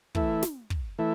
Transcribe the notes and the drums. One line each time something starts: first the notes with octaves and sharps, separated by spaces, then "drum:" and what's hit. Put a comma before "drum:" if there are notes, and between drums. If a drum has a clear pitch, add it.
E3 A3 E4, drum: kick
drum: snare
drum: kick
E3 A3 E4